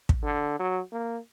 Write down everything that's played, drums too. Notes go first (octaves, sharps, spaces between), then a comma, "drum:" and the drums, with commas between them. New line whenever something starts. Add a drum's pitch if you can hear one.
drum: kick
D3
F#3
A#3